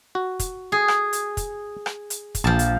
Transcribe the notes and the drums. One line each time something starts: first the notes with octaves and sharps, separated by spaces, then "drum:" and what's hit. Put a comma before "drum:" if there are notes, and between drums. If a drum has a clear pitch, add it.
F#4
drum: kick, hi-hat
G#4
drum: rim click
drum: hi-hat
drum: kick, hi-hat
drum: rim click
drum: hi-hat
drum: kick, hi-hat
A#1 F3 A5
drum: hi-hat